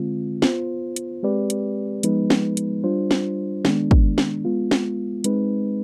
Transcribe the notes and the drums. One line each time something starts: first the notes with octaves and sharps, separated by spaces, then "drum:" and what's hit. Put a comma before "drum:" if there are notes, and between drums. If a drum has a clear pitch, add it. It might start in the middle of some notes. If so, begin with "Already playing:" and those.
Already playing: D3 G#3 C4 F4
B3 F4 C5, drum: snare
drum: hi-hat
G#3 C4 G4 B4 D5
drum: hi-hat
F3 G#3 B3 D#4 B4, drum: hi-hat
drum: snare
drum: hi-hat
G3 D4 F4 C5
drum: snare
D#3 G#3 B3 D4, drum: snare
drum: kick
drum: snare
G#3 B3 F4
drum: snare
G#3 C4 D#4 B4, drum: hi-hat